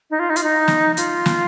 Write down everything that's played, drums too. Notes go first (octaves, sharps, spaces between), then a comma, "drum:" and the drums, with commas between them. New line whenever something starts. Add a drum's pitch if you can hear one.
D#4
F4
D#4
F4, drum: hi-hat
D#4
drum: snare
F4, drum: hi-hat
drum: snare